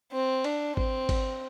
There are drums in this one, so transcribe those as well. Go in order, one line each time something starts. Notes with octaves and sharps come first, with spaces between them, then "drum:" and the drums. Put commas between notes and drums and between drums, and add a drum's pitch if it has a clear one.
C4
D4, drum: cymbal
C4, drum: kick G#1
drum: kick G#1, cymbal